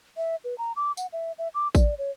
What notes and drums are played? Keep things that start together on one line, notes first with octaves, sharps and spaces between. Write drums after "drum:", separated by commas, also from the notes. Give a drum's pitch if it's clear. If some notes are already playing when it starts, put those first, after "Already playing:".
E5
B4
A#5
D6
F#5, drum: tambourine
E5
E5
D6
D5, drum: kick A1, tambourine
C#5